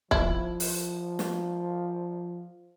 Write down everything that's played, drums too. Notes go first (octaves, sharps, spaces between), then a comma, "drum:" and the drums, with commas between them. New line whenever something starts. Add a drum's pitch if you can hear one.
F3 E4, drum: kick
drum: open hi-hat
drum: snare